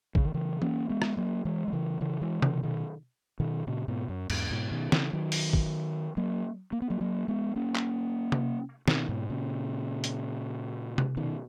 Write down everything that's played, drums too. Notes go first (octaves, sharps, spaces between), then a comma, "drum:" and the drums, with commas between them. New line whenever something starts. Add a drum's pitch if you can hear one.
C#3, drum: kick
D#3
C#3 E3
A#3 C#4, drum: tom E3
G#3 B3
drum: rim click
F#3 A#3
E3 G#3
F#3
C#3 E3
C#3 E3
E3 G#3
C#3 E3, drum: tom C3
B2 D#3
B2 D#3
A#2 C#3
G#2 B2
F#2
E2 G#2, drum: cymbal
G#2 B2
B2 D#3
C#3 E3, drum: snare
D#3 F#3
drum: open hi-hat
drum: kick
F#3 A#3
A#3
B3
F#3 A#3
F#3 A#3
G#3 B3
A#3 C#4
drum: clap
drum: tom C3
B2 D#3, drum: snare
G#2 B2
A#2 C#3
drum: hi-hat
drum: tom C3
B2 D#3